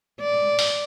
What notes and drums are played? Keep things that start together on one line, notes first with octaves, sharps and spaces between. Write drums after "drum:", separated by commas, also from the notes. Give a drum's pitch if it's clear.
D5
drum: open hi-hat